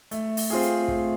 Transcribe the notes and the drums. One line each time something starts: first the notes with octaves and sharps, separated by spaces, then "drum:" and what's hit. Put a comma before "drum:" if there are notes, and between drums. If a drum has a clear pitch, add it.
A3, drum: hi-hat
drum: open hi-hat
C4 F4 G#4
drum: hi-hat
A3, drum: kick